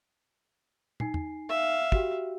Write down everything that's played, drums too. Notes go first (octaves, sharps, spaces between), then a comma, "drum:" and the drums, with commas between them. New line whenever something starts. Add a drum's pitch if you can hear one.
D#4 G#5 C7, drum: tom
drum: tom E2
E5 F5
F#4 G4 G5, drum: kick